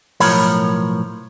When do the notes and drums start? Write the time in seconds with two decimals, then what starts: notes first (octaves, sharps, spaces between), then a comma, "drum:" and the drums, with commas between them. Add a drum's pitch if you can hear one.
0.20 B1 A2 F3 A#4 C#5 B5, drum: open hi-hat